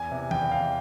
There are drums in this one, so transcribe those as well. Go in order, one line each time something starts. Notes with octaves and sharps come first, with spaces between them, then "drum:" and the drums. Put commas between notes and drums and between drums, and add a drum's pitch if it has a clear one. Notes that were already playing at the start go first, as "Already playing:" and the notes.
Already playing: E2 G#5
C3 E3
E2 G5, drum: tom D#3
C3 E3 F5